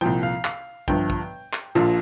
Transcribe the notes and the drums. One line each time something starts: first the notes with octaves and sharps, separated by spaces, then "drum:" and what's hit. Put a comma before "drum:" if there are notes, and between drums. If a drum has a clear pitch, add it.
C2 A#2 F3 G5
F5
F5, drum: clap
G1 G2 F3 G5, drum: kick
drum: kick
drum: clap
A#1 A#2 F3